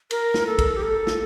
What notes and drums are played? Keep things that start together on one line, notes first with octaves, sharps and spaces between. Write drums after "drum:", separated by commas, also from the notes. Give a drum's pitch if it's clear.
A#4, drum: cymbal
drum: snare
A4
drum: kick, cymbal
G4
A4
drum: snare